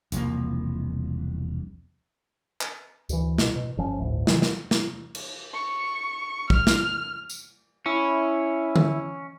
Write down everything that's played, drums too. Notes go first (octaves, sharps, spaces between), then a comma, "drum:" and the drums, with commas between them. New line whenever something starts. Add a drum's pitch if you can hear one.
E1 C2 F3 A#3, drum: hi-hat
drum: clap
D2 E3, drum: tambourine
C#2 B2, drum: snare
B2
G1 F3 C#4
G1 D2 A2
C3 D#3 E3 F#3, drum: snare
drum: snare
drum: snare
drum: cymbal
C#6
F6, drum: kick
drum: snare
drum: tambourine
C#4 E4
drum: tom D3